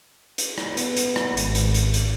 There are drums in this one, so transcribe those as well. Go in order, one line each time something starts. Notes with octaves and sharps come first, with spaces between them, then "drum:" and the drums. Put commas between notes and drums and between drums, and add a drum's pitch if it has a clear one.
drum: hi-hat
drum: rim click
B3, drum: hi-hat
drum: hi-hat
drum: rim click
G#1, drum: hi-hat
drum: hi-hat
drum: hi-hat
drum: hi-hat